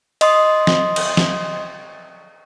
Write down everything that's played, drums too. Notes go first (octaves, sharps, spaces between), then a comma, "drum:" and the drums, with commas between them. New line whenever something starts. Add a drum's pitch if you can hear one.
D#5 C6 D#6, drum: cymbal
drum: snare
drum: cymbal
drum: snare